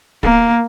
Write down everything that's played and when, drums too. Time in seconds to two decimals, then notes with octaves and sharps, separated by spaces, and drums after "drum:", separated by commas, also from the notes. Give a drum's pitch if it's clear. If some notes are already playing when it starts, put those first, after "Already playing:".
0.23 A#3, drum: kick